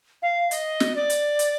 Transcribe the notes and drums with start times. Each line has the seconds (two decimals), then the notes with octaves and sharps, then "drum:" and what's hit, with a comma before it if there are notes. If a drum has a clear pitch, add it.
0.22 F5
0.51 D#5, drum: hi-hat
0.80 drum: snare
0.96 D5
1.10 drum: hi-hat
1.39 drum: hi-hat